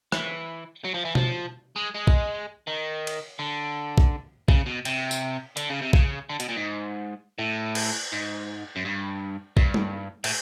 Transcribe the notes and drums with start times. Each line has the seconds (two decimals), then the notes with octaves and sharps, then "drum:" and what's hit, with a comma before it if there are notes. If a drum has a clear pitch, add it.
0.12 E3, drum: rim click
0.85 F#3
0.94 F3
1.05 E3
1.15 F3, drum: tom B2
1.76 G#3
1.95 G#3
2.07 drum: kick
2.67 D#3
3.07 drum: cymbal
3.39 D3
3.98 drum: kick
4.48 C#3, drum: kick
4.66 B2
4.85 C3, drum: cymbal
5.11 drum: tambourine
5.57 D3, drum: hi-hat
5.70 C#3
5.82 C3
5.93 C#3, drum: kick
6.30 D3
6.40 B2, drum: hi-hat
6.49 A#2
6.57 G#2
7.39 A2
7.75 drum: cymbal
8.12 G#2
8.76 F#2
8.85 G2
9.57 G2, drum: kick
9.74 drum: tom G3
10.24 A2, drum: cymbal